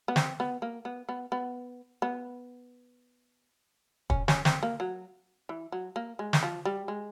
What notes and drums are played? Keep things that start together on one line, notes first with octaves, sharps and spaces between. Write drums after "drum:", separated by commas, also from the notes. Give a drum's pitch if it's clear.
B3
C4, drum: snare
B3
A#3
B3
B3
B3
B3
C#4, drum: kick
C#4, drum: snare
C4, drum: snare
A#3
F#3
E3
F#3
A#3
G#3
drum: snare
F3
G3
G#3